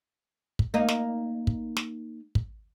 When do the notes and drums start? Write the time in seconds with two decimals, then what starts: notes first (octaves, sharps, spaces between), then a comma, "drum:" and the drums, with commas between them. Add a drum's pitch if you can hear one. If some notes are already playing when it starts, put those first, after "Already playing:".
0.59 drum: kick
0.74 A#3 D#4
0.88 drum: snare
1.47 drum: kick
1.77 drum: snare
2.35 drum: kick